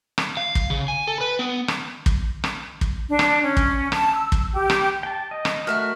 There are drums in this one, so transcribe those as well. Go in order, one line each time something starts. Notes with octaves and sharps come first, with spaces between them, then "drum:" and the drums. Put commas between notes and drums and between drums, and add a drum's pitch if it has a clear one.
drum: rim click
F5
drum: kick
C#3
G#5
A4
B4
B3
drum: rim click
drum: kick
drum: rim click
drum: kick
D4
drum: rim click
C#4
drum: kick
A5, drum: rim click
E6
drum: kick
G4
drum: rim click
G5 A5
D#5
drum: rim click
A3 F#4 A#4 E5 F6